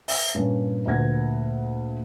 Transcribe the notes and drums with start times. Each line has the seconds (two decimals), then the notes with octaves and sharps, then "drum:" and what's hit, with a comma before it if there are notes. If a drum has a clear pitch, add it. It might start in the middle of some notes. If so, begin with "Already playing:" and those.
0.08 E5, drum: open hi-hat
0.35 G2 A#2 G3 C#4
0.86 D2 A#2 B4 F#5 G#6 A#6